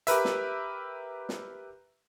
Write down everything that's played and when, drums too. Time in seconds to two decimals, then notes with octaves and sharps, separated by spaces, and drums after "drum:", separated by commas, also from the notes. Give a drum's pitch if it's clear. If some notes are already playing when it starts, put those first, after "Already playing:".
0.07 G4 A#4 B4 E5, drum: hi-hat
0.25 drum: snare
1.29 drum: snare